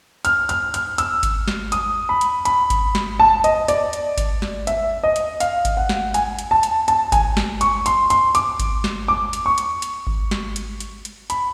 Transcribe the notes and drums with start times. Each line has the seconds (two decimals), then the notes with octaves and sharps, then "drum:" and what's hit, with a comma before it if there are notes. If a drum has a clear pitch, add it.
0.25 F6, drum: hi-hat
0.49 F6, drum: hi-hat
0.74 F6, drum: hi-hat
0.98 E6, drum: hi-hat
1.23 drum: kick G#1, hi-hat
1.48 drum: snare
1.72 D#6, drum: hi-hat
2.09 B5
2.21 drum: hi-hat
2.45 B5, drum: hi-hat
2.70 drum: kick G#1, hi-hat
2.95 drum: snare
3.20 A5
3.44 D#5, drum: hi-hat
3.68 D5, drum: hi-hat
3.93 drum: hi-hat
4.18 drum: kick G#1, hi-hat
4.42 drum: snare
4.67 E5, drum: hi-hat
5.03 D#5
5.16 drum: hi-hat
5.40 F5, drum: hi-hat
5.65 drum: kick G#1, hi-hat
5.77 F#5
5.89 drum: snare
6.14 G#5, drum: hi-hat
6.39 drum: hi-hat
6.51 A5
6.63 drum: hi-hat
6.88 A5, drum: hi-hat
7.12 G#5, drum: kick G#1, hi-hat
7.37 drum: snare
7.61 C#6, drum: hi-hat
7.86 C6, drum: hi-hat
8.10 C6, drum: hi-hat
8.35 D6, drum: hi-hat
8.60 drum: kick G#1, hi-hat
8.84 drum: snare
9.08 D6
9.33 drum: hi-hat
9.46 C#6
9.58 drum: hi-hat
9.82 drum: hi-hat
10.07 drum: kick G#1
10.31 drum: snare
10.56 drum: hi-hat
10.80 drum: hi-hat
11.05 drum: hi-hat
11.30 B5, drum: hi-hat